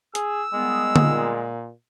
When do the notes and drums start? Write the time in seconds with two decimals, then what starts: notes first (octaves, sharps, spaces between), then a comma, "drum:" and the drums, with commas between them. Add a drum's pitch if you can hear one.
0.15 G#4 E6, drum: hi-hat
0.53 D#3 G3 G#3 B3
0.96 A#2, drum: tom D3